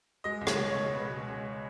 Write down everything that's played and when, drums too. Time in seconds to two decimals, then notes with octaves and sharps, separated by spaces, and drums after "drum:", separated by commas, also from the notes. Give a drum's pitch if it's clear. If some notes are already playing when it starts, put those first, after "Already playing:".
0.24 G#3 D#5
0.41 C#2
0.47 C#5, drum: rim click
0.60 B2
0.71 C#5
0.76 B2
0.93 B2 B4
1.10 G#3
1.28 C#2